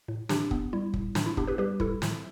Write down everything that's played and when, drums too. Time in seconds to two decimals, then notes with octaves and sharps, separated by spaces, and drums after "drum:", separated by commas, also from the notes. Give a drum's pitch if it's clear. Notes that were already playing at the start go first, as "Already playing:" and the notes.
0.08 A2
0.29 A2 D4 G4, drum: snare
0.51 B3, drum: kick
0.73 G3 E4
0.94 A2, drum: kick
1.15 A2 D4, drum: snare
1.26 E4
1.37 B3 D4 G4, drum: kick
1.47 G4 B4
1.58 G3 G4 B4
1.80 A2 E4 A4, drum: kick
2.02 A2, drum: snare